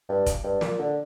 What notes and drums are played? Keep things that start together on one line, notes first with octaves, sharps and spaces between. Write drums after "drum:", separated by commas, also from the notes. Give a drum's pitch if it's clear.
G2
drum: kick, hi-hat
G2
A#2, drum: snare
D3